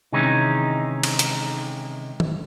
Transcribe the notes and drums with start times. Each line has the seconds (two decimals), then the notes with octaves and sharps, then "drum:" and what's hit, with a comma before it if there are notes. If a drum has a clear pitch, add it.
0.12 C3 D#3 E3 G#3 C#4 D#4
1.03 drum: cymbal
1.19 drum: hi-hat
2.20 drum: tom D#3